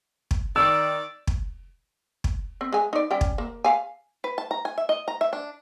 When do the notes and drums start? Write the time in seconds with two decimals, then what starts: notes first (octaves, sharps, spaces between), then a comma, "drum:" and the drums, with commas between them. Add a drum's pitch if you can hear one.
0.31 drum: kick
0.56 D#3 D5 E6
1.27 drum: kick
2.24 drum: kick
2.61 C4
2.73 G#3 G#5
2.93 D#4 D5
3.11 G3 C#4 G5
3.21 drum: kick
3.38 A#3
3.64 F5 G#5
4.24 B4
4.38 A5
4.51 A#5
4.65 G#5
4.78 E5
4.89 D#5
5.08 A#5
5.21 E5
5.33 D4